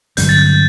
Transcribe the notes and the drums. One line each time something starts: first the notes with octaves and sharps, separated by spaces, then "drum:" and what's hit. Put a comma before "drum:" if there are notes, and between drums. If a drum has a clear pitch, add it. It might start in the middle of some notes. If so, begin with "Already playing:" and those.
G2 D3 F#3 C4 G6, drum: hi-hat
A6
G6